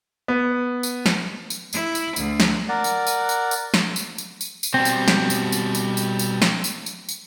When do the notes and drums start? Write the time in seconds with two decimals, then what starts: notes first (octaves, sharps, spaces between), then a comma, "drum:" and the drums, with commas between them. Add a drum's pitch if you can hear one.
0.28 B3
0.83 drum: tambourine
1.06 drum: snare
1.50 drum: tambourine
1.73 E4, drum: tambourine
1.95 drum: tambourine
2.16 D2, drum: tambourine
2.40 drum: snare
2.69 A#4 D5 F#5
2.84 drum: tambourine
3.07 drum: tambourine
3.29 drum: tambourine
3.51 drum: tambourine
3.74 drum: snare
3.96 drum: tambourine
4.18 drum: tambourine
4.41 drum: tambourine
4.63 drum: tambourine
4.74 B2 G3 C4
4.85 drum: tambourine
5.08 drum: snare
5.30 drum: tambourine
5.52 drum: tambourine
5.75 drum: tambourine
5.97 drum: tambourine
6.19 drum: tambourine
6.42 drum: snare
6.64 drum: tambourine
6.86 drum: tambourine
7.09 drum: tambourine